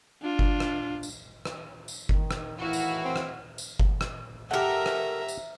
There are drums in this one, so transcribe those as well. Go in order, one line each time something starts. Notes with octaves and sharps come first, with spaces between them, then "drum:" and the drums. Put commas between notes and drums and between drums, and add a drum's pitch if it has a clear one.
D4 F4
drum: kick G1
drum: rim click
drum: tambourine
drum: rim click
drum: tambourine
D#3, drum: kick G1
drum: rim click
A2 D#3 E3 E4 F#4 F5
drum: tambourine
C4
drum: rim click
drum: tambourine
drum: kick G1
drum: rim click
A3 G4 A#4 E5 F#5 A#5
drum: rim click
drum: tambourine